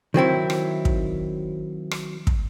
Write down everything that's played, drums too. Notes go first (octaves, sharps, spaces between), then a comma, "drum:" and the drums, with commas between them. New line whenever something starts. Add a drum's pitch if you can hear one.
D#3 F#3 C4 E4
drum: rim click
drum: kick
drum: rim click
drum: kick